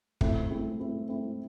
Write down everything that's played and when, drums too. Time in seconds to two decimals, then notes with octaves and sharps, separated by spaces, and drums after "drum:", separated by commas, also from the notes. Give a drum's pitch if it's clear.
0.21 A3 C4 E4, drum: kick
0.50 A3 C4 E4
0.79 A3 C4 E4
1.08 A3 C4 E4